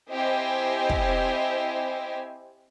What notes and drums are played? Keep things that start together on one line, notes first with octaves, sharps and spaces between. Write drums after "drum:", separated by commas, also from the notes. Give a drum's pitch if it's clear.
C4 E4 G4 C5 D#5 G#5
drum: kick